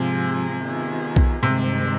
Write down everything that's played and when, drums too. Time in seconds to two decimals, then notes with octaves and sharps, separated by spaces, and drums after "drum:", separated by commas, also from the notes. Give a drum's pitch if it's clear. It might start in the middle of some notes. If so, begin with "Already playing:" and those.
Already playing: G#2 C3 F3 C4 F4 G#4
0.63 D#3 B3 F4 G#4
1.16 drum: kick B1
1.43 G2 C3 D#3 G#3 C4